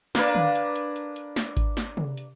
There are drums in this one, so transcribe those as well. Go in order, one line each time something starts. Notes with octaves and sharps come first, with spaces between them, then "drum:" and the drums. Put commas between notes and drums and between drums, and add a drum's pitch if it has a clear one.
A#3 D4 B4, drum: snare
drum: tom D3
drum: hi-hat
drum: hi-hat
drum: hi-hat
drum: hi-hat
drum: snare
drum: kick G#1, hi-hat
drum: snare
drum: tom
drum: hi-hat